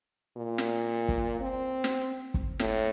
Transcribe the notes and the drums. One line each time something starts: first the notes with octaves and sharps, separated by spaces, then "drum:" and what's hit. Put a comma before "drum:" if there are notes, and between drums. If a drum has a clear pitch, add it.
A#2
drum: snare
drum: kick
C4
drum: snare
drum: kick
A2, drum: snare